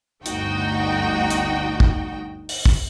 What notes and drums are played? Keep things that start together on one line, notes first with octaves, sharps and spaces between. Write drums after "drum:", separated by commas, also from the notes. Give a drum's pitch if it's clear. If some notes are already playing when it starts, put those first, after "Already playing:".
G1 D2 D#4 F#4 G5, drum: hi-hat
drum: hi-hat
drum: kick
drum: open hi-hat
drum: kick